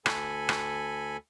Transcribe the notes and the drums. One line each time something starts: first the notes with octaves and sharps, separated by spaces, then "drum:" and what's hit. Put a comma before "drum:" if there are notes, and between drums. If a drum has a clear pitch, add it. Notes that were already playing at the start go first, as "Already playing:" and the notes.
D2 A4 G#5 B5, drum: rim click
drum: rim click